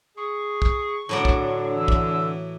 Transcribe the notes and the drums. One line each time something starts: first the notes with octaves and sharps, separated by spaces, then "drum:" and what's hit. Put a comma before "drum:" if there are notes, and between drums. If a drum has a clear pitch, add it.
G#4 C#6
drum: kick
A2 D3 F#3 D4 D5
drum: kick
E3 E6
drum: kick